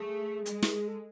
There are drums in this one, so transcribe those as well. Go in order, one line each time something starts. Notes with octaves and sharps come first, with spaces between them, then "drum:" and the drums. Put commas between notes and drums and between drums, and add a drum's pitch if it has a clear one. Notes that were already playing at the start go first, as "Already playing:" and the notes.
Already playing: A3 G#4
G#3, drum: hi-hat
drum: snare
A4